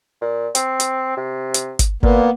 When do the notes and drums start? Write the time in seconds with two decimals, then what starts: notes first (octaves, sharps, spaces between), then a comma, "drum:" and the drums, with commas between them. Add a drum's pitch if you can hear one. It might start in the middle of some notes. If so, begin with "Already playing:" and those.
0.21 A#2
0.55 C4, drum: hi-hat
0.80 drum: hi-hat
1.17 C3
1.54 drum: hi-hat
1.79 drum: kick G1, hi-hat
2.03 A#2 A#3 B3, drum: kick G1